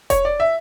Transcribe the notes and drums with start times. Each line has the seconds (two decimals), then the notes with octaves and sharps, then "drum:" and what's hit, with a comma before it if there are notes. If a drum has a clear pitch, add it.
0.10 C#5, drum: kick E1, hi-hat
0.25 D5
0.40 E5